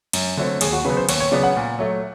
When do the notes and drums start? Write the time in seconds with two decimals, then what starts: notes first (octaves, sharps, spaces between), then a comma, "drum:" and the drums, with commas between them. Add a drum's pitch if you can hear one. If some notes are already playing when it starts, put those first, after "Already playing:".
0.13 F#2, drum: cymbal
0.37 D3 F#3 A3 C4
0.61 D#2 G#4, drum: cymbal
0.73 F#4
0.85 C#3 F#3 B3 B4
0.97 C5
1.09 D#2 C#5, drum: cymbal
1.20 C#5
1.32 C#3 F#3 B3 D5
1.43 F#5
1.56 A#2
1.79 F#3 A3